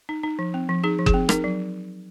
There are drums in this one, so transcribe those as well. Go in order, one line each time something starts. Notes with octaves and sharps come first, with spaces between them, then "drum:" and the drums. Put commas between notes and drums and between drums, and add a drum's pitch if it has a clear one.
D#4
D#4
F3
C4
F3
D#4 G#4
F3
G#4, drum: kick F#1
C4
D#4 A#4, drum: rim click
F#3